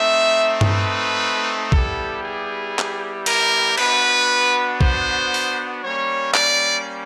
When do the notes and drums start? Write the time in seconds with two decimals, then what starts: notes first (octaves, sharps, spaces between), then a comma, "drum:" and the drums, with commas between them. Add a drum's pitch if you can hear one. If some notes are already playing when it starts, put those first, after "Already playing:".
Already playing: A3 C4 D#4 E5
0.61 drum: tom G2
0.70 B4
1.72 G3 B3 E4 G4 A4, drum: kick
2.23 G#4
2.79 drum: clap
3.26 A#4, drum: cymbal
3.78 B3 D4 F#4 B4, drum: cymbal
4.81 C5, drum: kick
5.34 drum: open hi-hat
5.83 G3 A#3 C#4 C#5
6.34 D5, drum: clap